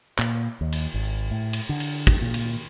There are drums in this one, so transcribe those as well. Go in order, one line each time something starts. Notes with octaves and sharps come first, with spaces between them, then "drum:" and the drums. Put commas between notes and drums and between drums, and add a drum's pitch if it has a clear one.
A#2, drum: clap
D#2
drum: cymbal
G#1
A2
drum: cymbal
D3
drum: cymbal
drum: kick, cymbal
A#2
drum: cymbal